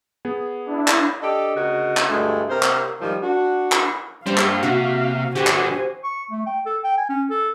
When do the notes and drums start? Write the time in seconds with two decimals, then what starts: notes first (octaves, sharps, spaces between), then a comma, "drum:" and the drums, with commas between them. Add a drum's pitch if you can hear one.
0.25 B3 G#4
0.66 D4 E4
0.88 drum: clap
1.21 D4 G4 A4 D5 D#5
1.55 D2 C#3 F#4 A#4 D#5
1.97 drum: clap
2.08 D2 G2 G#3 A3
2.49 C3 A#4 C5
2.63 drum: clap
3.01 G#2 D#3 F3 G3
3.21 D4 F#4
3.72 drum: clap
4.26 G3 A#3 D4 C5 F5 G5
4.38 drum: clap
4.63 C3 F#4
5.35 D3 B3 F#4 G4 C5 G#5
5.47 drum: clap
6.04 C#6
6.31 A3
6.46 G5
6.66 A4
6.84 G5
6.98 G#5
7.09 C#4
7.30 A4